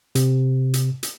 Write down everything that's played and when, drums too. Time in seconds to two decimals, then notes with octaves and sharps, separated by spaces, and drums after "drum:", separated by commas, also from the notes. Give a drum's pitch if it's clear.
0.15 C3, drum: hi-hat
0.74 drum: hi-hat
1.03 drum: hi-hat